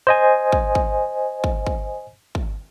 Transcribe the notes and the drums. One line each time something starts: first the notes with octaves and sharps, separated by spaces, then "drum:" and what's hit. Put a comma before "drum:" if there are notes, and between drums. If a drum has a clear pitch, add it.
C5 D#5 G#5
drum: kick
drum: kick
drum: kick
drum: kick
drum: kick